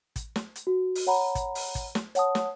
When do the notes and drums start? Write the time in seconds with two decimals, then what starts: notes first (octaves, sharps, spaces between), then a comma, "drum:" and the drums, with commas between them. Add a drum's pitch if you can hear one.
0.16 drum: kick, hi-hat
0.36 drum: snare
0.56 drum: hi-hat
0.67 F#4
0.95 drum: open hi-hat
1.07 C#5 F#5 A#5 B5
1.35 drum: kick, hi-hat
1.55 drum: open hi-hat
1.75 drum: kick, hi-hat
1.95 drum: snare
2.15 C#5 F#5 A5 D#6, drum: hi-hat
2.35 drum: snare